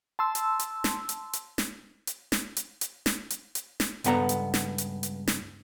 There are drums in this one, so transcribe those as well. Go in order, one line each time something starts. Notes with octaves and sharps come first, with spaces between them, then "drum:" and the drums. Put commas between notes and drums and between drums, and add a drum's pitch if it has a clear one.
A5 C6 E6
drum: hi-hat
drum: hi-hat
drum: snare
drum: hi-hat
drum: hi-hat
drum: snare
drum: hi-hat
drum: snare
drum: hi-hat
drum: hi-hat
drum: snare
drum: hi-hat
drum: hi-hat
drum: snare
C#2 G2 B3 A4 A#5, drum: hi-hat
drum: hi-hat
drum: snare
drum: hi-hat
drum: hi-hat
drum: snare